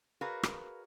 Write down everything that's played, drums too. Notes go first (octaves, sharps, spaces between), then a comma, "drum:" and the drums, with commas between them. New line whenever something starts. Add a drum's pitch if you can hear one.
F#4 G#4 A#4 B4 D5 F5
drum: rim click